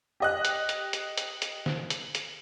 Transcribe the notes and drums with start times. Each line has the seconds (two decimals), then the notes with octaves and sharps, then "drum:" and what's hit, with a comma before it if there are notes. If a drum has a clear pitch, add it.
0.20 G4 D#5 F#6
0.45 drum: hi-hat
0.69 drum: hi-hat
0.93 drum: hi-hat
1.18 drum: hi-hat
1.42 drum: hi-hat
1.66 drum: snare
1.90 drum: hi-hat
2.15 drum: hi-hat